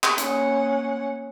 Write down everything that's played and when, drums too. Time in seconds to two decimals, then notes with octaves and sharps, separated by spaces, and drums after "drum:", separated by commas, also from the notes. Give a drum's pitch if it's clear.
0.03 drum: clap
0.18 A#3 C#4 F#5, drum: hi-hat